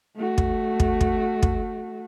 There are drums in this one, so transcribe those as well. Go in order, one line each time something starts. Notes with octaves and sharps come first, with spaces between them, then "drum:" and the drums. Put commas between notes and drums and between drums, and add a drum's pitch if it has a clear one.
A3 F#4
drum: kick
drum: kick
drum: kick
drum: kick